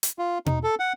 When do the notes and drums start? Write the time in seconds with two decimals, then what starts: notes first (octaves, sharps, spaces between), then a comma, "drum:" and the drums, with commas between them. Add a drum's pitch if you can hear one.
0.03 drum: hi-hat
0.19 F4
0.46 D#4, drum: tom B2
0.63 A4
0.80 F#5